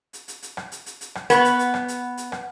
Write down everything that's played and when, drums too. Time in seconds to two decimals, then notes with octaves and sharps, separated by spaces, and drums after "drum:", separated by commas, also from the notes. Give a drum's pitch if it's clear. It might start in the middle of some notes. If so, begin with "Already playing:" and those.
0.13 drum: hi-hat
0.28 drum: hi-hat
0.42 drum: hi-hat
0.57 drum: rim click
0.72 drum: hi-hat
0.86 drum: hi-hat
1.01 drum: hi-hat
1.15 drum: rim click
1.30 B3, drum: hi-hat
1.45 drum: hi-hat
1.59 drum: hi-hat
1.74 drum: rim click
1.88 drum: hi-hat
2.17 drum: hi-hat
2.32 drum: rim click